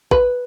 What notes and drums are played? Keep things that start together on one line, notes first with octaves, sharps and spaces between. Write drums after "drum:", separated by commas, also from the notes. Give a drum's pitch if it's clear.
B4, drum: kick